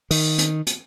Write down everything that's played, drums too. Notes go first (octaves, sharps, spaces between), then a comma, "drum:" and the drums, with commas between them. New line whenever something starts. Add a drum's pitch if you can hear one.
D#3, drum: open hi-hat
drum: hi-hat
drum: hi-hat